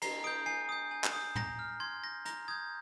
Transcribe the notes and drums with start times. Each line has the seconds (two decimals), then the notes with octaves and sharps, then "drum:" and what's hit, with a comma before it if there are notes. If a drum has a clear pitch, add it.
0.02 A#5 C7, drum: cymbal
0.24 D#6 G6 D7
0.46 G#5 C7
0.69 D#6 G6
0.91 G#5
1.04 drum: clap
1.13 D#6 G6
1.35 A#5 A#6, drum: tom
1.59 F6
1.80 C6 G#6
2.03 G6 A#6
2.25 A#5 A#6, drum: hi-hat
2.48 D#6 G6 G#6